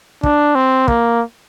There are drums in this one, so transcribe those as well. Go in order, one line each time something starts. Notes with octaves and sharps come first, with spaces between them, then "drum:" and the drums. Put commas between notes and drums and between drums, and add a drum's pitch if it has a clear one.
D4, drum: kick
C4
A#3, drum: kick